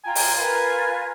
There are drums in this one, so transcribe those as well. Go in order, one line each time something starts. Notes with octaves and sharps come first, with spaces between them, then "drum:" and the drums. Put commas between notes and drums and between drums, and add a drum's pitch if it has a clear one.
F4 G5 G#5 A#5
drum: open hi-hat
F4 A#4 B4